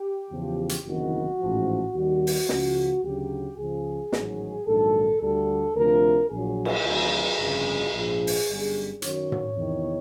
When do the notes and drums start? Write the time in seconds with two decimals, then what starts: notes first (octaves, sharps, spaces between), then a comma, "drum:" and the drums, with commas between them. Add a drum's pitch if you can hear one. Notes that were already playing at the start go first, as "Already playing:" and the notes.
Already playing: G4
0.31 E2 C#3 F3
0.69 drum: hi-hat
0.85 F#1 E2 C3 D#3 F#3 F#4
1.40 A1 G#2 F3
1.95 D#2 D#3 G3 F#4
2.27 drum: open hi-hat
2.49 C#2 C#3 F3 F#4, drum: snare
3.03 D2 C#3 F#3 G4
3.58 C#2 C#3 F3 G#4
4.12 A1 G#2 D#3 F#3, drum: snare
4.67 A#1 G#2 D#3 F#3 A4
5.21 D2 D3 G3 A4
5.76 D2 C3 F3 A#4
6.29 A#1 A#2 F#3 G#4
6.65 drum: cymbal
6.84 D2 C3 D#3 F#3
7.39 G1 F2 C#3 G#4
7.93 A#1 G#2 F3 G#4
8.27 drum: open hi-hat
8.48 G1 F#2 D3 G3
9.02 F#2 D#3 F#3 C#5, drum: hi-hat
9.32 drum: tom
9.56 E2 C3 D#3